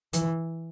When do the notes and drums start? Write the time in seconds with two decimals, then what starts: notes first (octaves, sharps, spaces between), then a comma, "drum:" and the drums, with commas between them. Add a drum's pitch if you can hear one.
0.13 E3, drum: hi-hat